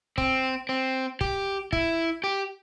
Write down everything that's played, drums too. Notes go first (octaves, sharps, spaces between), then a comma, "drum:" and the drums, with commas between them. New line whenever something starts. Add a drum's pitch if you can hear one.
C4, drum: kick
C4
G4, drum: kick
E4, drum: kick
G4